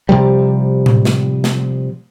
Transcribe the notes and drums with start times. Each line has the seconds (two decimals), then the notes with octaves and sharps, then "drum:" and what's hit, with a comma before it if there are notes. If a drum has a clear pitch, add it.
0.09 C3 F3 G3
0.86 drum: tom A2
1.05 drum: snare
1.44 drum: snare